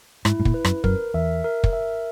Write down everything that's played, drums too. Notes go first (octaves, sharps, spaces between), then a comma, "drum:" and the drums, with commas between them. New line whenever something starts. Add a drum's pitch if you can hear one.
G#2 E4, drum: rim click
G#2
A#2, drum: kick
B4
F#2, drum: rim click
F#2 A#4, drum: kick
E2 E5
A#4
drum: kick
E5